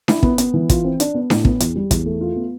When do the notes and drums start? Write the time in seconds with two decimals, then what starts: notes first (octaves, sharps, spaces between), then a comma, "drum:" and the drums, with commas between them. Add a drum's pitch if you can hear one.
0.08 E4, drum: snare D4
0.23 B3, drum: kick
0.38 B3, drum: hi-hat
0.54 E3
0.69 F4, drum: kick, hi-hat
0.84 C4
1.00 D4, drum: hi-hat
1.15 B3
1.30 A2, drum: snare D4
1.45 B3, drum: kick
1.60 E2, drum: hi-hat
1.76 G3
1.91 E2, drum: kick, hi-hat
2.06 A3
2.21 F4
2.36 B3